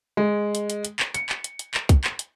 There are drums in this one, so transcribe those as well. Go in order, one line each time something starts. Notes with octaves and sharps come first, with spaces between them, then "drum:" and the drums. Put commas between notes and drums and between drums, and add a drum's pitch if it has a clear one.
G#3
drum: hi-hat
drum: hi-hat
drum: hi-hat
drum: clap
C#7, drum: hi-hat
drum: clap
drum: hi-hat
drum: hi-hat
drum: clap
drum: kick, hi-hat
drum: clap
drum: hi-hat